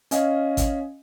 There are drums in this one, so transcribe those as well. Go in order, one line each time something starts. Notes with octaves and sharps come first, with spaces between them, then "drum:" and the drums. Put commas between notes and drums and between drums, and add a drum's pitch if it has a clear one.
C#4 D#5 F5 G#5, drum: hi-hat
drum: kick, hi-hat